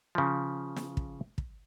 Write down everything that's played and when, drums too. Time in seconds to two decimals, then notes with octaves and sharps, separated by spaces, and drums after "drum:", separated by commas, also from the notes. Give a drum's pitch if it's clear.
0.15 C#3 F3
0.76 drum: snare
0.97 drum: kick
1.38 drum: kick